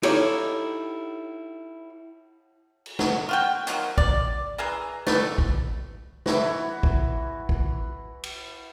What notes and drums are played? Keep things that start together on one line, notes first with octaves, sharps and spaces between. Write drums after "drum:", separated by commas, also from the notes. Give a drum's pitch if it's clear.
D#4 E4 G4 A4 C#5 F5, drum: cymbal
drum: cymbal
F#3, drum: snare
F4 F#4 G5
D#3 F3 F#3, drum: hi-hat
D5, drum: kick
E3 G#4 E5 A#5
D3 E3 A3, drum: snare
drum: kick
E3 E4 F#4, drum: snare
drum: kick
drum: kick
drum: cymbal